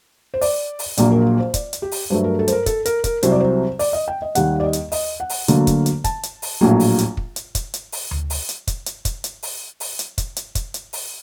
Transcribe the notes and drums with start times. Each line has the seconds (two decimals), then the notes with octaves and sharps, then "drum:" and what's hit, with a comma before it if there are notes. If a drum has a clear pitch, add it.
0.34 C5
0.41 D5, drum: open hi-hat
0.79 drum: open hi-hat
0.97 A#1 A#2 F#3 A#3 D5, drum: hi-hat
1.12 A#4
1.39 C5
1.54 D5, drum: kick, hi-hat
1.73 drum: hi-hat
1.82 G4
1.92 drum: open hi-hat
2.10 G2 F#3 A3 C5
2.24 A#4
2.39 A4
2.48 C5, drum: hi-hat
2.52 A#4
2.66 A4, drum: kick, hi-hat
2.85 A#4, drum: hi-hat
3.04 A#4, drum: kick, hi-hat
3.23 C2 C3 F#3 C5, drum: hi-hat
3.32 D5
3.40 C5
3.79 D5, drum: open hi-hat
3.93 D#5
4.08 G5
4.22 D#5
4.35 D#2 D#3 G3 A#3 F#5, drum: hi-hat
4.60 D5
4.64 D#5
4.73 drum: hi-hat
4.92 D#5, drum: open hi-hat
5.20 F#5
5.30 drum: open hi-hat
5.48 D2 D3 F#3 A#3, drum: hi-hat
5.67 drum: kick, hi-hat
5.86 drum: hi-hat
6.04 A5, drum: kick, hi-hat
6.23 drum: hi-hat
6.42 drum: open hi-hat
6.61 A#1 A2 F#3 A#3
6.80 drum: open hi-hat
6.98 drum: hi-hat
7.17 drum: kick
7.36 drum: hi-hat
7.55 drum: kick, hi-hat
7.74 drum: hi-hat
7.92 drum: open hi-hat
8.11 drum: tom D2
8.30 drum: open hi-hat
8.49 drum: hi-hat
8.67 drum: kick, hi-hat
8.86 drum: hi-hat
9.05 drum: kick, hi-hat
9.24 drum: hi-hat
9.43 drum: open hi-hat
9.80 drum: open hi-hat
9.99 drum: hi-hat
10.18 drum: kick, hi-hat
10.36 drum: hi-hat
10.55 drum: kick, hi-hat
10.74 drum: hi-hat
10.93 drum: open hi-hat